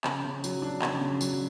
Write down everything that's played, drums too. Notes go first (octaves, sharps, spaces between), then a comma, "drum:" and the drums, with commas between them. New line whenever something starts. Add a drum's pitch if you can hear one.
C#3, drum: clap
C#3
F#3, drum: tambourine
D4
C#3, drum: clap
C#3
F#3, drum: tambourine